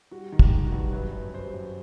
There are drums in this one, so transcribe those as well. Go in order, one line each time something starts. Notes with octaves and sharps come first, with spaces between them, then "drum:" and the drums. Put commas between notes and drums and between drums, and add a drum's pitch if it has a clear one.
G3 F#4
D#3
G4, drum: kick
G3
F#4
G2
F#2 B4
F#2
G3 C5
F#2